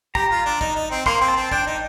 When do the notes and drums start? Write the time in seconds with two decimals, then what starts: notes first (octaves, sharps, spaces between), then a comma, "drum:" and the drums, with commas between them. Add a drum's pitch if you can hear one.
0.15 G4 A#5, drum: kick
0.31 F4
0.46 D4
0.61 D#4, drum: kick
0.76 D#4
0.91 C4
1.06 A#3 C6, drum: kick
1.21 C4
1.28 A5
1.36 C4
1.52 D4 G5, drum: kick
1.67 D#4